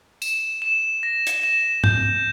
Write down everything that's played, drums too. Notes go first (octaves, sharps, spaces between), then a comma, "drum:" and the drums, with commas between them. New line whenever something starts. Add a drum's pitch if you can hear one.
E7, drum: tambourine
E7
A#6
drum: hi-hat
E7
G6, drum: tom